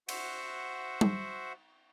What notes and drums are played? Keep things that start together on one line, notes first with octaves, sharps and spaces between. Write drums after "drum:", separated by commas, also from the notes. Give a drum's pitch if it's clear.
F#4 C5 E5 F#5, drum: cymbal
drum: tom G3